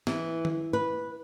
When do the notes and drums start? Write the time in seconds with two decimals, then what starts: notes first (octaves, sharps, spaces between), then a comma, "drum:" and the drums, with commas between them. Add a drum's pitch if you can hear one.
0.07 E3, drum: snare
0.45 drum: tom D#3
0.73 B4